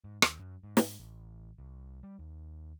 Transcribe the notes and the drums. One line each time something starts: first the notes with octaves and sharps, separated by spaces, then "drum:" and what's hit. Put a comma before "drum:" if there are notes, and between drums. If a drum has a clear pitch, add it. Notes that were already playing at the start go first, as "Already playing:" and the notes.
G#2
D#2, drum: rim click
F#2
G#2
drum: snare
A1
C2
G3
D#2